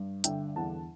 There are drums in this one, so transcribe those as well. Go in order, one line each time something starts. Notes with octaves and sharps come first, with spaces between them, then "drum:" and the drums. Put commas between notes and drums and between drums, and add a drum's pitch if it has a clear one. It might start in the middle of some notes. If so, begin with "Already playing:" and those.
Already playing: G2
D3 E5 G5, drum: hi-hat
E2 F#5 A5